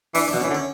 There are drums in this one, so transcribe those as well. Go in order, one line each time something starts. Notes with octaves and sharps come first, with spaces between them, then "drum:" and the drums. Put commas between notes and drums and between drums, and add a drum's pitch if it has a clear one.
E3 D4, drum: open hi-hat
D4
B2, drum: snare
E3 C#4
D3
C#4